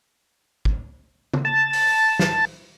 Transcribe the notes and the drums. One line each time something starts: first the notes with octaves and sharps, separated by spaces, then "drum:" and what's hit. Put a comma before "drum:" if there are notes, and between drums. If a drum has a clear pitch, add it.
drum: kick
drum: tom C#3
A5
drum: open hi-hat
drum: snare